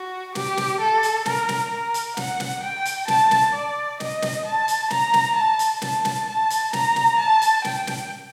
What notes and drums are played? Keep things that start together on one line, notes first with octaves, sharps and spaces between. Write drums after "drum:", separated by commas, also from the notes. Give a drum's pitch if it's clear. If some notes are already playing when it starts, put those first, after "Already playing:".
Already playing: F#4
G4, drum: snare
drum: snare
A4
drum: hi-hat
A#4, drum: snare
drum: snare
A#4
drum: hi-hat
F#5, drum: snare
drum: snare
G5
drum: hi-hat
A5, drum: snare
drum: snare
D5
D#5, drum: snare
drum: snare
A5
drum: hi-hat
A#5, drum: snare
drum: snare
A5
drum: hi-hat
A5, drum: snare
drum: snare
A5
drum: hi-hat
A#5, drum: snare
drum: snare
A5
drum: hi-hat
G5, drum: snare
drum: snare